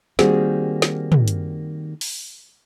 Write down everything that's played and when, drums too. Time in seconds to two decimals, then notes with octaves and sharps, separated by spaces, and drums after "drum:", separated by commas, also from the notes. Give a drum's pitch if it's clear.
0.19 D#3 G3 A#3 C4 F#4 G#4, drum: snare
0.82 drum: snare
1.12 drum: tom
1.28 drum: hi-hat
2.01 drum: open hi-hat